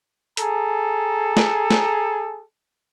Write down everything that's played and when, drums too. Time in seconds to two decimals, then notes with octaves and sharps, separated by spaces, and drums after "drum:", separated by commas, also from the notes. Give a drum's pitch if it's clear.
0.37 G#4 A4 A#5, drum: hi-hat
1.37 drum: snare
1.71 drum: snare